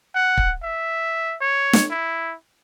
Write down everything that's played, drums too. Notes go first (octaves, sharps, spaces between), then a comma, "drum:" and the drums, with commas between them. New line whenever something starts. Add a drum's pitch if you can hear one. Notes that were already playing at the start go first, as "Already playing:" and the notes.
F#5
drum: kick
E5
C#5
drum: snare
E4